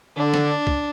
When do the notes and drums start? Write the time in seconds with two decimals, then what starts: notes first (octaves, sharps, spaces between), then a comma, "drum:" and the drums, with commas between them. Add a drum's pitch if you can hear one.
0.17 D3 D4
0.34 drum: snare
0.67 drum: kick